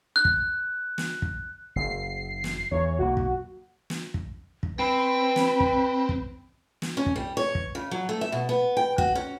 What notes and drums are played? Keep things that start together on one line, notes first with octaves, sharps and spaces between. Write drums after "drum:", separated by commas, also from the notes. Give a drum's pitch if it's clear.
F#6
drum: kick
drum: snare
drum: kick
F#1 C7
drum: snare
E2 E3 C#5
B1 A#3 F#4
drum: kick
drum: snare
drum: kick
drum: kick
C4 B4 G5 B5
drum: snare
drum: kick
drum: kick
drum: snare
C#4
drum: kick
G3
C#5
drum: kick
C#3
F#3
A3
E5
B2
B3
G5
F#4, drum: kick
C#4